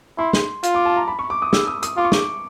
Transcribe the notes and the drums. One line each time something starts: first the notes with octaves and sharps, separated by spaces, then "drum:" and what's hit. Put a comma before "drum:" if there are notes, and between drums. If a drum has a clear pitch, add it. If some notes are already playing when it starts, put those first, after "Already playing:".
E4 C6
drum: snare
F4, drum: hi-hat
D6
A5
A#5
B5
C#6
D6
D#6
E6, drum: snare
D#6
D#6, drum: hi-hat
F4 D6
C#6
D6, drum: snare